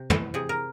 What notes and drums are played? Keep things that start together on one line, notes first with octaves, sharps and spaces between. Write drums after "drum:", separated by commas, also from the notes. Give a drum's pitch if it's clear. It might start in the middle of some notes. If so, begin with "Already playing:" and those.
Already playing: C3
E3 A3 A4, drum: tom
C3 G#4
A#4